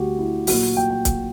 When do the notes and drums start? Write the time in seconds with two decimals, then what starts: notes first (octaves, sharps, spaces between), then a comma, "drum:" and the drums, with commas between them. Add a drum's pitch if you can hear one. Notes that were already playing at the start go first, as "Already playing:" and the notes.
Already playing: D2 D3 G3 F#4 G4
0.19 E4
0.47 A#2 F#3 F#4, drum: open hi-hat
0.77 G5
0.90 G5
1.05 drum: kick, hi-hat